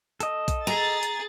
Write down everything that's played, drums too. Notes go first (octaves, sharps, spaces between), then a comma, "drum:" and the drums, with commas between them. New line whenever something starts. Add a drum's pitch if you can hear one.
A4 D#5, drum: hi-hat
drum: kick, hi-hat
G#4 A#5 A6
drum: hi-hat